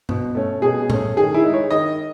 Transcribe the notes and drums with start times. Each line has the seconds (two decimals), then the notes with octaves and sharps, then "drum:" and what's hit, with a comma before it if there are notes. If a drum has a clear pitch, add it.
0.09 B2, drum: tom G2
0.35 A3 C#4
0.62 B2 G#4
0.90 A3 C#4, drum: tom A2
1.17 D#3 G#4
1.34 E4
1.44 G#3 D#4
1.54 C#5
1.71 D#3 D#5